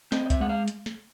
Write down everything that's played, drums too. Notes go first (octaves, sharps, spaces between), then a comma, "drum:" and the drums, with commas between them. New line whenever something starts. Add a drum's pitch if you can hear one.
C4 D#5, drum: snare
D#5
E5, drum: kick C2, hi-hat
G#3 F#5
F5
drum: hi-hat
drum: snare